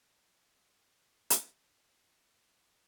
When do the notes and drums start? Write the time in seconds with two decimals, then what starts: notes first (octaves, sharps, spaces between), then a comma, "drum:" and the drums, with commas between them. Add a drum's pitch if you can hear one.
0.59 C#5 E5
1.30 drum: hi-hat